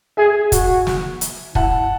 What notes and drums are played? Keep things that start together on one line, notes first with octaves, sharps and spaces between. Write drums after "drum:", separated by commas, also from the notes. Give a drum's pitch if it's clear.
G#4 E5 G#5
F#4, drum: kick, hi-hat
drum: snare
drum: hi-hat
E4 F#5 A5, drum: kick